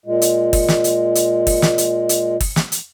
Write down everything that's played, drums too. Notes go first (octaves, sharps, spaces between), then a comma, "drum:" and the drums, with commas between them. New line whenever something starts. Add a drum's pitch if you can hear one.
A#2 G#3
drum: hi-hat
drum: kick, open hi-hat
drum: snare
drum: hi-hat
drum: hi-hat
drum: kick, open hi-hat
drum: snare
drum: hi-hat
drum: hi-hat
drum: kick, open hi-hat
drum: snare
drum: hi-hat